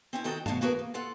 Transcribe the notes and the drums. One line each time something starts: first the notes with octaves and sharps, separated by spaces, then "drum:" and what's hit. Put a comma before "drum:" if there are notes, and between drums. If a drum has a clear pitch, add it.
C4 C#4 E4
D#3 D#4 F#4 A4 G5
F#2 B2 F#3 F#4 F5 A5, drum: tom
A#3 B3 F#4 G#4 A#4 B4
A#3
F4 A4 F#5